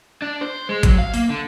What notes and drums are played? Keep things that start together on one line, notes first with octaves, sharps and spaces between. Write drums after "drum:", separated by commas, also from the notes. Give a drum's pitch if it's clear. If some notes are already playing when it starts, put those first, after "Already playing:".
D4
C5
G#3
F#3, drum: kick G1, hi-hat
F5
A#3, drum: open hi-hat
D3